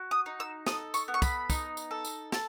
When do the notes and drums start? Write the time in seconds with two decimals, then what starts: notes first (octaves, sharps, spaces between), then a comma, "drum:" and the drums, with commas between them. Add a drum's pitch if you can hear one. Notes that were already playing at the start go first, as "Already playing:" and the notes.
Already playing: F#4
0.11 D#6
0.26 D#4
0.40 E6
0.66 A4 D#6, drum: snare
0.94 C#6, drum: tambourine
1.08 B3
1.14 C#6
1.22 B5, drum: kick, tambourine
1.50 D#4, drum: kick, tambourine
1.77 drum: tambourine
1.91 A4
2.05 drum: tambourine
2.32 A4 A5, drum: snare